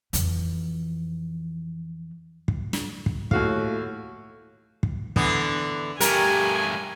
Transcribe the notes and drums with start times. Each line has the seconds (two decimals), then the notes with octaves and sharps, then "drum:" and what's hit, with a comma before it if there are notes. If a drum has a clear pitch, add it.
0.13 F2 E3, drum: hi-hat
2.48 drum: kick
2.73 drum: snare
3.06 drum: kick
3.31 D#2 A2 F#4 F5, drum: kick
4.83 drum: kick
5.16 D3 E3 B3, drum: kick
6.00 G2 A3 G4 A#4 G#5, drum: hi-hat